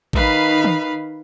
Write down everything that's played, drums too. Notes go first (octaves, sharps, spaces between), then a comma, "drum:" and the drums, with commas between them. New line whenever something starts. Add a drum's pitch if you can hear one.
D#3 D#4 B4 F5 B5, drum: kick A1
drum: tom D#3